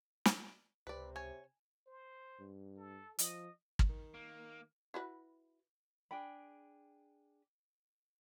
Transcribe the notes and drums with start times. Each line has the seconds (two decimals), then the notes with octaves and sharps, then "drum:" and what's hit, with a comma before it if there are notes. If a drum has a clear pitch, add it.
0.25 drum: snare
0.87 C#2 C3 B4 D5
1.16 C#5 G#5
1.87 C5
2.40 G2
2.77 A4
3.19 F3 D#5, drum: hi-hat
3.79 drum: kick
3.89 D#3
4.14 A#3
4.94 E4 F#4 B4
6.11 D4 G#4 G5 B5